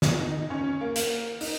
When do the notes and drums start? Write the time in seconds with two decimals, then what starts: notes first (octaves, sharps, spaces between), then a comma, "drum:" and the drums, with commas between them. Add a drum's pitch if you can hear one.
0.02 drum: snare
0.20 D#4
0.50 C#4
0.81 A#3
0.96 A#3, drum: hi-hat
1.41 D#4, drum: open hi-hat